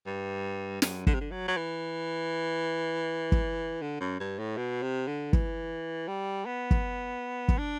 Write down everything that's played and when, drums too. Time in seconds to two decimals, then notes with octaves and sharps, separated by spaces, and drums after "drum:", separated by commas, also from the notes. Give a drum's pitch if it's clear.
0.07 G2
0.82 F#2, drum: snare
1.07 D3, drum: kick
1.14 C3
1.21 D3
1.31 F#3
1.48 F#3
1.57 E3
3.32 drum: kick
3.82 D3
4.01 F#2
4.20 G2
4.39 A2
4.57 B2
4.83 C3
5.08 D3
5.33 E3, drum: kick
6.08 G3
6.46 B3
6.71 drum: kick
7.48 drum: kick
7.58 D4